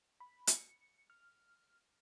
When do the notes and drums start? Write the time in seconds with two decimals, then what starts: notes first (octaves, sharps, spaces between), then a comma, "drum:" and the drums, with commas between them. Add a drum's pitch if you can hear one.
0.20 B5
0.47 C#7, drum: hi-hat
1.10 F6